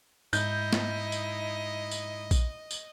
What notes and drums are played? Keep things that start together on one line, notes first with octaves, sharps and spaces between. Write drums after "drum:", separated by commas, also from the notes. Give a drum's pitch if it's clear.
G#2 D#4 E4 D#5 G6, drum: tambourine
drum: snare
drum: tambourine
drum: tambourine
drum: kick A#1, tambourine
drum: tambourine